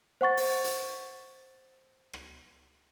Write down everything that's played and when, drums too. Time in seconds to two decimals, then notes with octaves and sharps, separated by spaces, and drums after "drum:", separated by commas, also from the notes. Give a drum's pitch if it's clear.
0.21 C5 F#5 C#6 A6
0.37 drum: open hi-hat
0.64 drum: hi-hat
2.13 drum: rim click